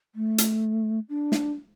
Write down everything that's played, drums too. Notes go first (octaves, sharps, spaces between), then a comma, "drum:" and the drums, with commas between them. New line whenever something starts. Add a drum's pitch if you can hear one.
A3
drum: hi-hat
D4
drum: snare